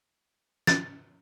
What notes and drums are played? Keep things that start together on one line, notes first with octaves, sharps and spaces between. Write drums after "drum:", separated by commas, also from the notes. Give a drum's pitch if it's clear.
A6, drum: snare